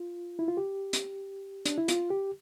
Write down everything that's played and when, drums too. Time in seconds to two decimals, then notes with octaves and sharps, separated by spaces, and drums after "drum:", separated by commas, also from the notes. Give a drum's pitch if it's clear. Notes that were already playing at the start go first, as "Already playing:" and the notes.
Already playing: F4
0.39 E4
0.48 F4
0.57 G4
0.93 drum: hi-hat
1.66 D4, drum: hi-hat
1.78 E4
1.88 F4, drum: hi-hat
2.10 G4